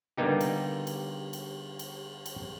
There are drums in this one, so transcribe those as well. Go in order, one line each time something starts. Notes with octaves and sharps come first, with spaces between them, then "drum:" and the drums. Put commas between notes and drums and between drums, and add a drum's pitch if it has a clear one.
D3 G3 A#3 B3 D#4 G4
drum: cymbal
drum: cymbal
drum: cymbal
drum: cymbal
drum: cymbal